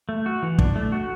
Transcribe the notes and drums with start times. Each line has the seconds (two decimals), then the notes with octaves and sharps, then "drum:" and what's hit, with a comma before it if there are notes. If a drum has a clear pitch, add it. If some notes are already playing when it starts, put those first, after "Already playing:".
0.09 A3
0.26 F#4
0.42 E3
0.58 D4, drum: kick
0.76 A3
0.92 F#4